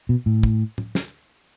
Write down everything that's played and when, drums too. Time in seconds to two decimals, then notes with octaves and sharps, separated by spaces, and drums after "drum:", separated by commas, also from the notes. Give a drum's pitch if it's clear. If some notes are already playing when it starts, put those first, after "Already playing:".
0.09 B2
0.26 A2
0.43 drum: kick
0.78 drum: tom
0.95 drum: snare